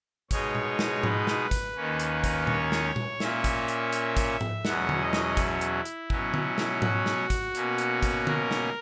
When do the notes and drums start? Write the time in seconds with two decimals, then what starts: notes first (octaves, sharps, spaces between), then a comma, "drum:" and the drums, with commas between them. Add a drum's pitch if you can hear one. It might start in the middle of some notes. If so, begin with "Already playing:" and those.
0.31 B2 G#3 D#4 C#5, drum: kick, hi-hat
0.55 drum: tom A#2
0.79 drum: snare
1.03 B4, drum: tom G#2
1.27 drum: snare
1.51 drum: kick, hi-hat
1.76 D#2 D#3 A#3 C#4
2.00 drum: hi-hat
2.24 drum: kick, hi-hat
2.47 C#5, drum: tom A#2
2.72 drum: snare
2.96 drum: tom A#2
3.20 A#2 A#3 C#4 E5, drum: snare
3.44 drum: kick, hi-hat
3.68 drum: hi-hat
3.92 drum: hi-hat
4.17 drum: kick, hi-hat
4.41 drum: tom G#2
4.65 E2 B2 F#3 C#4 F#5, drum: snare
4.89 drum: tom D3
5.01 D#5
5.13 drum: snare
5.37 E4, drum: kick, hi-hat
5.61 drum: hi-hat
5.85 drum: hi-hat
6.10 B2 F#3 C#4, drum: kick
6.34 drum: tom D3
6.58 drum: snare
6.82 F#4, drum: tom G#2
7.06 drum: snare
7.30 drum: kick, hi-hat
7.55 B2 A#3 C#4, drum: hi-hat
7.78 drum: hi-hat
8.02 drum: kick, hi-hat
8.27 A#4, drum: tom D3
8.51 drum: snare